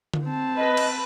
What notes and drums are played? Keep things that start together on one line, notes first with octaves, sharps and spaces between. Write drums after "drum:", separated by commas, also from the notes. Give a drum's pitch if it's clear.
drum: tom D3
C4 A5
B4 D#5
drum: cymbal